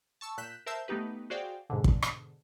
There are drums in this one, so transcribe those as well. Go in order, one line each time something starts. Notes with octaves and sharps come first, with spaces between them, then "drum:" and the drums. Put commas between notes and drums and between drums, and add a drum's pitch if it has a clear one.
A5 C#6 E6
A#2 F#6 G6 B6 E7
A#4 C5 E5 A5 E6 G6
A3 B3 D#4 G4 B4
F#4 G#4 C5 D5 F5 G5
G#2 B2 D3
drum: kick
drum: rim click